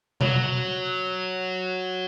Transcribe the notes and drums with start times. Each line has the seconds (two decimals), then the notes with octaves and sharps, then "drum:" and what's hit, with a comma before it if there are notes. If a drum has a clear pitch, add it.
0.21 F#3, drum: tom B2